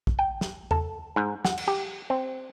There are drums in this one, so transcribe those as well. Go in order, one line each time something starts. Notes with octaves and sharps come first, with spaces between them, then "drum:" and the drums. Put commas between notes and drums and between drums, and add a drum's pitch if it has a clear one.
drum: kick
G5
drum: snare
A4, drum: tom E2
G#2
F#5, drum: snare
drum: cymbal
G4
C4